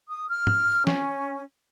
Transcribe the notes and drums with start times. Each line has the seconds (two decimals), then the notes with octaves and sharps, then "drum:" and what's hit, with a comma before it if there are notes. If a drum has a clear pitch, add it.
0.09 D#6
0.29 F6
0.47 drum: tom
0.87 C#4, drum: snare